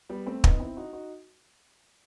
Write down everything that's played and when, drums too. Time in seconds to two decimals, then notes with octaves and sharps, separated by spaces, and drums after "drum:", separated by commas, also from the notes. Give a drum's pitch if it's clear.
0.09 G3 B3
0.26 A3 C4
0.44 B3 D#4, drum: kick
0.60 C4 E4
0.77 D#4 F#4
0.93 D#4 F#4